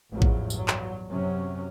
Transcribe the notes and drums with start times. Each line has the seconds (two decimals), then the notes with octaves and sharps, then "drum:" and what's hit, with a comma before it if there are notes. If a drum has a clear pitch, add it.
0.11 A1 E2 G#2 F3 F#3
0.22 drum: kick A1
0.50 G2 F#3, drum: tambourine
0.68 drum: clap
1.09 F#2 C3 F#3 C#4